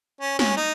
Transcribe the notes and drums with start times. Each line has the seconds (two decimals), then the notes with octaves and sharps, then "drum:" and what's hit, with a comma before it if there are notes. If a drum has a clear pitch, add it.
0.21 C#4
0.39 C#4, drum: snare
0.57 D#4